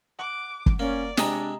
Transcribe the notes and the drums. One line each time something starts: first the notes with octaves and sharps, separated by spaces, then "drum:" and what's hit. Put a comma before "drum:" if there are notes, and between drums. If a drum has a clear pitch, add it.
F#5 D6
drum: kick
A#3 C#4 D5
C3 G#3 C4 D4 D#5 A5 A#5, drum: snare